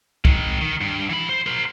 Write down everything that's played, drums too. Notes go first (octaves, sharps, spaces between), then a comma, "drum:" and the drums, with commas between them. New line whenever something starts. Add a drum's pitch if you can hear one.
D#3 G#3, drum: kick C2
D#3
G2
E3 B5
C5
A#4 C5